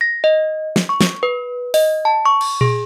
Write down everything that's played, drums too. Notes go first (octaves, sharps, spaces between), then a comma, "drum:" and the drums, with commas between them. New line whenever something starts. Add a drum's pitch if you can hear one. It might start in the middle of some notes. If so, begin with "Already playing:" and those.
A#6
D#5
drum: snare
C#6
drum: snare
B4
D#5, drum: open hi-hat
A5
C#6
drum: cymbal
G#4, drum: tom A#2